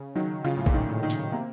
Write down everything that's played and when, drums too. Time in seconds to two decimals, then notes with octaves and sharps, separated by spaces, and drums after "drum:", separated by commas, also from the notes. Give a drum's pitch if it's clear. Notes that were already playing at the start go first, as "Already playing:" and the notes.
Already playing: C#3
0.15 D#3 F#3
0.44 C#3 F4
0.57 A2
0.66 A#2, drum: kick A#1
0.74 D#3
0.88 A2
1.03 D#3
1.10 A#2, drum: hi-hat
1.32 C3 A#3